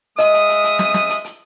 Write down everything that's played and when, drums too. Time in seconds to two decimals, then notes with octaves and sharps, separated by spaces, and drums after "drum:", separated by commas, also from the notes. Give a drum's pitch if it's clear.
0.19 G#3 D#5 E5 D#6, drum: hi-hat
0.34 drum: hi-hat
0.49 drum: hi-hat
0.64 drum: hi-hat
0.79 drum: snare
0.94 drum: snare
1.09 drum: hi-hat
1.24 drum: hi-hat